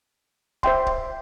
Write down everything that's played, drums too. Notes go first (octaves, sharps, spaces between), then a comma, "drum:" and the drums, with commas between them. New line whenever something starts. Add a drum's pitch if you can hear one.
C5 E5 G5 C6, drum: kick
drum: kick